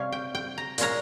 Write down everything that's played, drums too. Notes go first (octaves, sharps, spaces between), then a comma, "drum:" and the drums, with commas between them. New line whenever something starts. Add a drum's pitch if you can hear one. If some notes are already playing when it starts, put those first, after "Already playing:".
Already playing: C3 G3 C#4 F5
G5
G5
A#5
A#2 G#3 C#4 A#5, drum: hi-hat